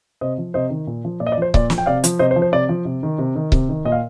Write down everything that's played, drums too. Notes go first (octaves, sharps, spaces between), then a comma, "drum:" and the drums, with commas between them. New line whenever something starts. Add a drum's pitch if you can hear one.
C3 C5 D#5
F3
C3 C5 D#5
D#3
A#2
F3
A#2 D5
D#5
D5
F3 C5
A#2 D5, drum: kick C#1
F3, drum: snare
G5
C3 D5 F5
F3, drum: hi-hat
C3 C5 D#5
C5
F3
C5
C3 D5
F3
C3
D#3
C3
D#3
C3, drum: kick C#1
D#3
A#2 D#5
F5